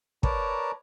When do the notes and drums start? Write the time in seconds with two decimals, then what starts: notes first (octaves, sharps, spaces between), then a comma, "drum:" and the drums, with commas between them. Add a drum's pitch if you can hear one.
0.23 A#4 B4 C#5 D5 A5 A#5, drum: kick